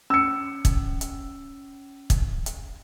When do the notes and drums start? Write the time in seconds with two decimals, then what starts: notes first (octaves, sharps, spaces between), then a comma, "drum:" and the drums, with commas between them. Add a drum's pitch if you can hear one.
0.10 C#4 E6 C#7
0.65 drum: kick, hi-hat
1.01 drum: hi-hat
2.10 drum: kick, hi-hat
2.46 drum: hi-hat